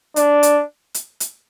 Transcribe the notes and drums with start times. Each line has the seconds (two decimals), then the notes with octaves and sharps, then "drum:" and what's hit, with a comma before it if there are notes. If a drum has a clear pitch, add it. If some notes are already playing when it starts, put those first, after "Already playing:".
0.16 D4, drum: hi-hat
0.43 drum: hi-hat
0.94 drum: hi-hat
1.20 drum: hi-hat